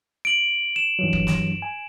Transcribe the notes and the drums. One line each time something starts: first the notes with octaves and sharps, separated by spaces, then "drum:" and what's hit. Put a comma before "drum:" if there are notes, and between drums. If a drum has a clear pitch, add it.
D7 F#7
E7
G2 E3 F#3
drum: kick
drum: snare
G#5